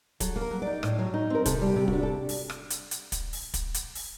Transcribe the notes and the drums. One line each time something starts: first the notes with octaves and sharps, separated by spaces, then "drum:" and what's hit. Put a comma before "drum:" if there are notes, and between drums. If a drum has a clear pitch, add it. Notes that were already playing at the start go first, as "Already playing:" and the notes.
F#3 A4, drum: kick, hi-hat
A#3
A#4
F#3
D#4 D5
A2, drum: rim click
F#3
D#4
C4 A#4
C3 A4, drum: kick, hi-hat
G3
G4
C3
D4 F#4, drum: kick
A4
drum: open hi-hat
drum: rim click
drum: hi-hat
drum: hi-hat
drum: kick, hi-hat
drum: open hi-hat
drum: kick, hi-hat
drum: hi-hat
drum: open hi-hat